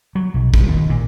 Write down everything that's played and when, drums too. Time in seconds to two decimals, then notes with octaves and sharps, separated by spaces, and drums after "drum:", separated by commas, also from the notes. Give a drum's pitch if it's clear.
0.15 F#3
0.34 B1
0.54 D#1, drum: kick
0.68 D#2
0.90 A#2